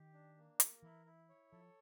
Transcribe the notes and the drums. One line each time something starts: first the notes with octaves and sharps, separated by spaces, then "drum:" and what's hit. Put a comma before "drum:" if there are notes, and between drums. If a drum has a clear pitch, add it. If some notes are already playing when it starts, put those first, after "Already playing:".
Already playing: D#3 G4
D4
A#3
A#4, drum: hi-hat
E3 E4
E4
C#5
F3 A4